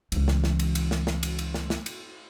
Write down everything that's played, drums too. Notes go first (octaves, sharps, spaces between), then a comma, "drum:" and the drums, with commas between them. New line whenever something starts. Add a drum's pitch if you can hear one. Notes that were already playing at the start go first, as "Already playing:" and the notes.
C#2 E3, drum: cymbal
drum: snare
drum: snare
drum: cymbal
drum: cymbal
drum: snare
drum: snare
drum: cymbal
drum: cymbal
drum: snare
drum: snare
drum: cymbal